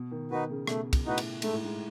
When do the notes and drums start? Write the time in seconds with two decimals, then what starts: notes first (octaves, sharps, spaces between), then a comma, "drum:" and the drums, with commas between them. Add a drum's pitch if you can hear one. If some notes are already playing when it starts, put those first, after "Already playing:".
Already playing: B2
0.11 D#3
0.31 D#3 D#4 F#4 B4
0.50 C#3
0.67 B2 A3, drum: rim click
0.93 drum: kick, cymbal
1.05 A2 D#4 F#4 B4
1.18 drum: cymbal
1.42 G#2 A3, drum: cymbal
1.53 A2
1.64 G#2